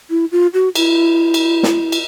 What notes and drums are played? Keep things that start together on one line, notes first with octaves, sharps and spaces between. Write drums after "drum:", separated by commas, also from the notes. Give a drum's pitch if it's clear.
E4
F4
F#4
E4, drum: cymbal
drum: cymbal
drum: snare
drum: cymbal